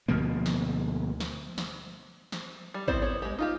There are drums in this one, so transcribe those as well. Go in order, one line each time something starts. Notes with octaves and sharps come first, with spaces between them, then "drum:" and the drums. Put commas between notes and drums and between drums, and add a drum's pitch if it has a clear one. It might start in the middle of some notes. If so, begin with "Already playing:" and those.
D2 B2 F3 A#3
drum: snare
drum: snare
drum: snare
drum: snare
G3
B3 C4 E4 C5 D5, drum: kick
B3 C#5
G#3 G4
D#4 F4 G4